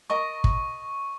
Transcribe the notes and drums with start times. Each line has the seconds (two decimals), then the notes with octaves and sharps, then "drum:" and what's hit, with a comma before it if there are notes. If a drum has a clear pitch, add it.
0.10 A#4 D#5 A#5 C#6
0.44 drum: kick